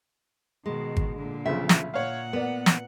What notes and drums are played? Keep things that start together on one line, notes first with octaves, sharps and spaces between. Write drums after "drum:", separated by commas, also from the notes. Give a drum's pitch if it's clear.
B2 D#3 G#3
drum: kick G#1
A#2 D3
B1 C#3 F3 E5
drum: snare
A#2 C#5 F5 F#5
B3 A#4 D5
drum: snare